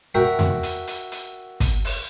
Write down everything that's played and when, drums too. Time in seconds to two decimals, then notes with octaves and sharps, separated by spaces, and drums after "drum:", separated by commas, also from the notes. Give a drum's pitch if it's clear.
0.15 F#4 A#4 E5 G5
0.39 drum: tom E2
0.63 drum: hi-hat
0.87 drum: hi-hat
1.12 drum: hi-hat
1.60 drum: kick, hi-hat
1.85 drum: open hi-hat